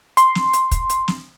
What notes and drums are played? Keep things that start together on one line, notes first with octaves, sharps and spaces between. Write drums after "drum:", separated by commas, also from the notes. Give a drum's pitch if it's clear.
C6, drum: hi-hat
drum: snare
drum: hi-hat
drum: kick, hi-hat
drum: hi-hat
drum: snare